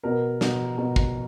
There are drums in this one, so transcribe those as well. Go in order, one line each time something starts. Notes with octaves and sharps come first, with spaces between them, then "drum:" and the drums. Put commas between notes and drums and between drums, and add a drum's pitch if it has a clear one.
B2 A#4
B2, drum: snare
B2
drum: kick